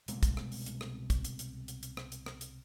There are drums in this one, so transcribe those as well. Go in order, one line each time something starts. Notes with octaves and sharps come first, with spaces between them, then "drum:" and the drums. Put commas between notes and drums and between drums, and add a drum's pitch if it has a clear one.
C2 B2 G#3 A#3, drum: hi-hat
drum: kick, hi-hat
drum: rim click
drum: open hi-hat
drum: hi-hat
drum: rim click
drum: kick, hi-hat
drum: hi-hat
drum: hi-hat
drum: hi-hat
drum: hi-hat
drum: rim click
drum: hi-hat
drum: rim click
drum: hi-hat